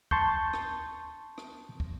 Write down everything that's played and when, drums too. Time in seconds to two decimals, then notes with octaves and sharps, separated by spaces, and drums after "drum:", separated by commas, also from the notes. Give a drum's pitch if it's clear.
0.11 A5 C6 C#6 G6, drum: kick
0.53 drum: rim click
1.38 drum: rim click
1.80 drum: kick